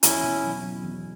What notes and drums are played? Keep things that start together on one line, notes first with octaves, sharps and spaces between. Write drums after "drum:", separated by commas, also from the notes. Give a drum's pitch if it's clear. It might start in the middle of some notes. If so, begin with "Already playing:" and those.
E2 C#4 E4, drum: hi-hat
B2
F#3
F#3
E2